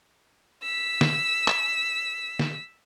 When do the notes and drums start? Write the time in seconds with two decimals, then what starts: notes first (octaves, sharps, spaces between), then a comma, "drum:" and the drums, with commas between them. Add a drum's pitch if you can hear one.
0.63 E6 B6
1.01 drum: snare D3
1.48 drum: clap
2.39 drum: snare D3